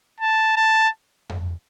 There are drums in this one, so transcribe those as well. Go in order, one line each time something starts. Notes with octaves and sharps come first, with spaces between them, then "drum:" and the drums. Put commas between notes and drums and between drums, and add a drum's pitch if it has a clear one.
A5
A5
drum: tom F2